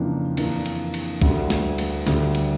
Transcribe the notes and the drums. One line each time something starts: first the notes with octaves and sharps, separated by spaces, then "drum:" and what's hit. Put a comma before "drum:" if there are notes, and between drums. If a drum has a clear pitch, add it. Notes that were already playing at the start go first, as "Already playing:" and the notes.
Already playing: F2 C#3 E3 A#3 D4
F2 E3 A#3 D4, drum: cymbal
drum: cymbal
drum: cymbal
D2 D3 G3, drum: kick, cymbal
drum: snare
drum: cymbal
D2 D3 G3, drum: snare
drum: cymbal